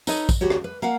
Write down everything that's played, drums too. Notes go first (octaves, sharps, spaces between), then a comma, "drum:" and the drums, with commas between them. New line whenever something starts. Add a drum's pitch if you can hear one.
D#4 A4 B4 C#5 D#5, drum: tambourine
drum: kick, tambourine
D2 F#4 G4 C#5
drum: rim click
B4
A#3 F5 F#5